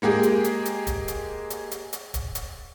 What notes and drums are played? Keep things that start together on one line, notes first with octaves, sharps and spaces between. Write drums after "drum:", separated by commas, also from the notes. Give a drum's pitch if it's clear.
G#3 A#3 G4 G#4
drum: hi-hat
drum: hi-hat
drum: hi-hat
drum: kick, hi-hat
drum: hi-hat
drum: hi-hat
drum: hi-hat
drum: hi-hat
drum: kick, hi-hat
drum: hi-hat